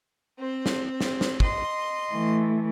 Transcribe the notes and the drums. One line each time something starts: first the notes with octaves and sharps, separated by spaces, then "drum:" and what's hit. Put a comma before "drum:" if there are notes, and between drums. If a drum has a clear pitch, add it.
C4 C5
drum: snare
drum: snare
drum: snare
D#5 C6, drum: kick
E3 A3